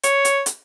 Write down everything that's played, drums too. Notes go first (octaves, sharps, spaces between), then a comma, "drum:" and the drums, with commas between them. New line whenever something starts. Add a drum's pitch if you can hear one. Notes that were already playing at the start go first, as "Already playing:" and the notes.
C#5, drum: hi-hat
drum: hi-hat
drum: hi-hat